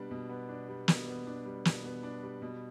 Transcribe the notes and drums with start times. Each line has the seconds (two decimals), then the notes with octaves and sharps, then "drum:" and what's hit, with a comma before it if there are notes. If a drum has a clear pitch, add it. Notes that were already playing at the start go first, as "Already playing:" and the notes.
Already playing: B2 G3 B3 D4
0.11 B2
0.29 B3
0.49 D4
0.68 G3
0.88 B2, drum: snare
1.07 B3
1.27 D4
1.45 G3
1.65 B2, drum: snare
1.84 B3
2.03 D4
2.23 G3
2.42 B2